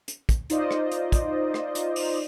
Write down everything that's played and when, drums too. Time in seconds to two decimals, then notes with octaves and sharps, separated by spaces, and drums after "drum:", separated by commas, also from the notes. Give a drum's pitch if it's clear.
0.08 drum: hi-hat
0.29 drum: kick, hi-hat
0.50 D#4 F4 C5 D5 D#5, drum: hi-hat
0.71 drum: rim click
0.92 drum: hi-hat
1.12 drum: kick, hi-hat
1.54 drum: rim click
1.75 drum: hi-hat
1.96 drum: open hi-hat